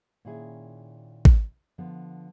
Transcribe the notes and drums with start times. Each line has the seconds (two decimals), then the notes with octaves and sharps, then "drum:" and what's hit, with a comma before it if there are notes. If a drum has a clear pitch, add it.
0.25 A#2 D#3 C#4 E4 G#4
1.25 drum: kick G#1
1.78 D3 F3 B3